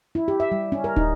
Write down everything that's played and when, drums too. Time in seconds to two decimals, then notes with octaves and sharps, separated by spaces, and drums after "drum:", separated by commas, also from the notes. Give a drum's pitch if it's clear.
0.15 E4
0.28 G4
0.40 E5
0.52 G3
0.72 C#4
0.84 A#4
0.96 D#4, drum: kick